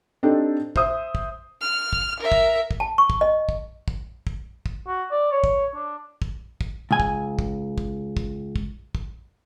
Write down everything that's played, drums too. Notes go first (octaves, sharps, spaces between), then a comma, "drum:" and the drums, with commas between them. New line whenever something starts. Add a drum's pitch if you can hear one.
C4 D4 D#4 G4 A4
C5 E5 D#6, drum: kick
drum: kick
F6
drum: kick
A#4 E5
drum: kick
drum: kick
A5
C#6
drum: kick
D#5
drum: kick
drum: kick
drum: kick
drum: kick
F#4
D5
C#5
drum: kick
D4
drum: kick
drum: kick
C#2 G#5
drum: kick
drum: kick
drum: kick
drum: kick
drum: kick
drum: kick